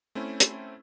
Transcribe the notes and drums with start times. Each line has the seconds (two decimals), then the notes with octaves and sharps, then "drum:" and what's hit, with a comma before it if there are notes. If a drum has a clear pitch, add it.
0.15 A3 C4 C#4 E4
0.40 drum: hi-hat